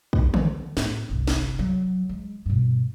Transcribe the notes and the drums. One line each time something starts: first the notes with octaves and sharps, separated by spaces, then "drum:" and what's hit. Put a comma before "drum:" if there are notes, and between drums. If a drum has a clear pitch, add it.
drum: kick
drum: tom D3
A2, drum: snare
G1 C2
drum: snare
F#3
G#3
G2 B2